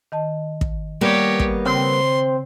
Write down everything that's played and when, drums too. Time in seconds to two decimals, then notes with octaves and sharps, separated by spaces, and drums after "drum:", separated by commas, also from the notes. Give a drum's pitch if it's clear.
0.12 D#3 D#5 A5
0.61 drum: kick
1.01 G3 A#3 B3 G4 C#5 D5
1.40 drum: kick
1.66 C#3 C4 C6